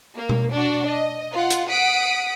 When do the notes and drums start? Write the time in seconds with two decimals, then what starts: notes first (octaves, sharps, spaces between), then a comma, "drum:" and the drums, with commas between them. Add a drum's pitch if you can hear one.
0.16 A#3
0.29 drum: tom B2
0.51 D4 F#4
0.86 D#5
1.32 F4 F#5
1.50 drum: hi-hat
1.70 F#5 D#6 B6 D7